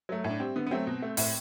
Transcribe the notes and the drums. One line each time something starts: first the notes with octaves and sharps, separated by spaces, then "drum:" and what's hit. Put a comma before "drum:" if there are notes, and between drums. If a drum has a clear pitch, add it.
F#3 A3
A2
D4
G3 C4
D3 B3
B3
F#3 A3 C4
B2
A3
A2, drum: open hi-hat